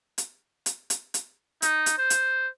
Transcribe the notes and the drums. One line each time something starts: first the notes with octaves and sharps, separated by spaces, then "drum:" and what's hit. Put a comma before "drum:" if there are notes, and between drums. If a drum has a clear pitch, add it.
drum: hi-hat
drum: hi-hat
drum: hi-hat
drum: hi-hat
D#4, drum: hi-hat
drum: hi-hat
C5
drum: hi-hat